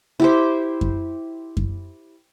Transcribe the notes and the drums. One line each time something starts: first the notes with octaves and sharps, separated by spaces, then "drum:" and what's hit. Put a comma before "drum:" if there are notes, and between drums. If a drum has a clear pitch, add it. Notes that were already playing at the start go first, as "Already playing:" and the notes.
E4 G4 C5
drum: kick F#2
drum: kick F#2